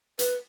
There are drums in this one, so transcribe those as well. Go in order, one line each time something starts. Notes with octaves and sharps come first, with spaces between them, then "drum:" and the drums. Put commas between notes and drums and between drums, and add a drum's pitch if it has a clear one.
B4, drum: hi-hat